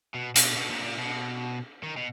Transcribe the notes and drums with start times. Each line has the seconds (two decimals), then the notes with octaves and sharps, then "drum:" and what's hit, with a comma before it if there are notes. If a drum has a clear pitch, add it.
0.14 B2
0.36 B2, drum: hi-hat
0.57 B2
0.71 A#2
0.84 A#2
0.99 B2
1.83 D#3
1.97 B2